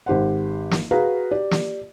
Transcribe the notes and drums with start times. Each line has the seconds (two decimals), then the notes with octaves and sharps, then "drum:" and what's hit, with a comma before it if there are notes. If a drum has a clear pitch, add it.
0.06 G#1 G4 C5 F#5
0.71 drum: snare
0.91 F#4 G#4 B4 F5 A#5
1.31 G4 D5
1.51 drum: snare